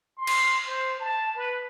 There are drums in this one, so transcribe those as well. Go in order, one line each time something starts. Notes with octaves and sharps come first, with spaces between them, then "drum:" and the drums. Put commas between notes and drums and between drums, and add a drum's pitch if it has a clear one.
C6
drum: cymbal
C5
A5
B4